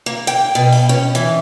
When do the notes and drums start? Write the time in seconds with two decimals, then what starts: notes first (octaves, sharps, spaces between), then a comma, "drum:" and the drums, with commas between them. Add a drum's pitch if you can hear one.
0.06 A#3
0.27 G5, drum: hi-hat
0.55 B2
0.73 drum: open hi-hat
0.89 C#4
1.15 E3, drum: hi-hat